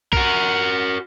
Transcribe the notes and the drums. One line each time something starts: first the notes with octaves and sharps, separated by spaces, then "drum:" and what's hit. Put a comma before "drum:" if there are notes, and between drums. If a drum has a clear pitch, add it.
F#4 A#4, drum: kick B1